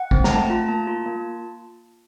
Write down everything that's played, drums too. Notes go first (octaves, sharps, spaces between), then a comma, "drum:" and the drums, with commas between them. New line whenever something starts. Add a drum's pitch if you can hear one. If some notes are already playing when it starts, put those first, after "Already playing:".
Already playing: F#5
C4, drum: kick
A#5, drum: snare
A3 A5
F4 A#5
A#3 A5
F4
A#3